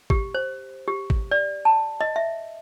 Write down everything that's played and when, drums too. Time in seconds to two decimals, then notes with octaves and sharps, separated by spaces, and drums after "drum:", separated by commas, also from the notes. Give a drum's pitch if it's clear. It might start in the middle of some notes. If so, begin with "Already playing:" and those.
0.10 G4, drum: kick G#1
0.34 C5
0.88 G4
1.10 drum: kick G#1
1.31 D5
1.65 A5
2.01 D#5
2.16 E5